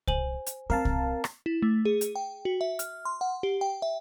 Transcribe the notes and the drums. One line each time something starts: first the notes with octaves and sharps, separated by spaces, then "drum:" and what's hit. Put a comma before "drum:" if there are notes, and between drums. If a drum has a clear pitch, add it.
C5 G#5 F#7, drum: kick C2
drum: hi-hat
C4 A#4 F5 A5
drum: kick C2
drum: rim click
E4
A3
G#4
drum: hi-hat
G5
F#4
E5
F6, drum: hi-hat
C6
F#5
G4
G5
E5